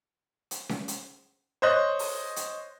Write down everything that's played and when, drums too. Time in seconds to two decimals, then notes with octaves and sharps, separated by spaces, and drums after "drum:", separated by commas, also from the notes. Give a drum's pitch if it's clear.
0.51 drum: hi-hat
0.69 drum: snare C#4
0.88 drum: hi-hat
1.62 C5 C#5 D#5 F#6
1.99 drum: open hi-hat
2.36 drum: hi-hat